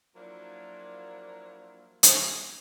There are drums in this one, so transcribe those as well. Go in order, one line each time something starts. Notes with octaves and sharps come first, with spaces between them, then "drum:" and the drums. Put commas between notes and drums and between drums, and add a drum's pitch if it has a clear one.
F3 F#3 A#3 D4 E4 F4
drum: hi-hat